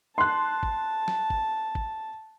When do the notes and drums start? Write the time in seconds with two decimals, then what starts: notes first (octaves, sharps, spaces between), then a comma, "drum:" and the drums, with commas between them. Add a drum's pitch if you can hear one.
0.18 A5 C6 F#6
0.63 drum: kick
1.08 drum: snare F#3
1.30 drum: kick
1.75 drum: kick